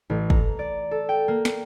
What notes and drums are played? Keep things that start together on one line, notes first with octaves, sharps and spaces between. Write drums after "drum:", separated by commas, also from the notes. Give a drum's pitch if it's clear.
A1
A#5, drum: kick
D5
A4
G5
A#3
drum: snare